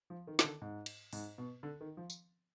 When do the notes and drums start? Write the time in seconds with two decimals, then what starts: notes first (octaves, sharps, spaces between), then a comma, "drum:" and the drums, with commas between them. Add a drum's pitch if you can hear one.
0.10 F3
0.27 D#3
0.39 D#3, drum: snare
0.44 D3
0.62 G#2
0.86 drum: cymbal
1.13 G#2, drum: open hi-hat
1.38 B2
1.63 D3
1.81 D#3
1.97 F3
2.10 drum: tambourine